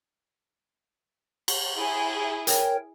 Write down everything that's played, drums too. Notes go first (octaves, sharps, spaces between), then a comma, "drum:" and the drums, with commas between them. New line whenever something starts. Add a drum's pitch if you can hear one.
drum: cymbal
E4 G#4
A#4 C#5 G5, drum: hi-hat